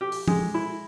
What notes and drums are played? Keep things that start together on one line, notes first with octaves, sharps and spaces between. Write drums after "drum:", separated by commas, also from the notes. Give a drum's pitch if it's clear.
G4
drum: open hi-hat
G#3, drum: tom
E4